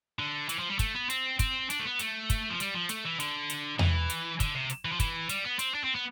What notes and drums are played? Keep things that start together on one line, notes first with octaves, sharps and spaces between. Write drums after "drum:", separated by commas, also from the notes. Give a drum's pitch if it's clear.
D3
E3, drum: hi-hat
F3
G3
A3, drum: kick, hi-hat
B3
C4, drum: hi-hat
C4, drum: kick, hi-hat
D4, drum: hi-hat
A3
B3
A3, drum: hi-hat
drum: kick, hi-hat
F3
G3, drum: hi-hat
F3
A3, drum: hi-hat
E3
D3, drum: hi-hat
drum: hi-hat
E3, drum: tom E2
drum: hi-hat
D3, drum: kick, hi-hat
C3
drum: hi-hat
E3
F3
E3, drum: kick, hi-hat
G3, drum: hi-hat
B3
C4, drum: hi-hat
D4
C4
B3